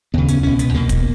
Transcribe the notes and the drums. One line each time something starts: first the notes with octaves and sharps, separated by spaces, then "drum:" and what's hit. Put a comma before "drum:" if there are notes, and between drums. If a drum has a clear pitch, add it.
D#2 C#3 B3
C#4, drum: hi-hat
C#2 B2 C#4
B3, drum: hi-hat
E2 B2 A#3
drum: kick, hi-hat